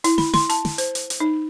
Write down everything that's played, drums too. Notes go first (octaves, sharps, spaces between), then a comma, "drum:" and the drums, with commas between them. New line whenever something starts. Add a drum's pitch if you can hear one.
E4, drum: hi-hat
B5, drum: snare
C6, drum: snare
A5, drum: hi-hat
drum: snare
C5, drum: hi-hat
drum: hi-hat
drum: hi-hat
D#4